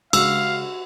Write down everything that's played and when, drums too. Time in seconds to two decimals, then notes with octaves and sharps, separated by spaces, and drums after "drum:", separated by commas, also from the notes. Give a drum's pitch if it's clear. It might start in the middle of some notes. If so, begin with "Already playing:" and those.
0.13 C#3 G#3 D4 F#4 F5 E6, drum: cymbal